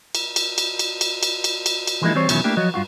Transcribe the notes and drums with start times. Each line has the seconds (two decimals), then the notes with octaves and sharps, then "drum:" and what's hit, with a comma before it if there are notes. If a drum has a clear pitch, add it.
0.15 drum: cymbal
0.36 drum: cymbal
0.58 drum: cymbal
0.79 drum: cymbal
1.01 drum: cymbal
1.23 drum: cymbal
1.44 drum: cymbal
1.66 drum: cymbal
1.87 drum: cymbal
2.02 E3 F3 G#3 A#3 D#4 E4
2.15 E3 G3 C4 C5 C#5
2.29 E2 B2 D#3 F#3 C#4 E4, drum: cymbal
2.44 A3 A#3 D4 E4 G4
2.57 F3 F#3 F#4 C#5 D#5
2.74 G2 F4 F#4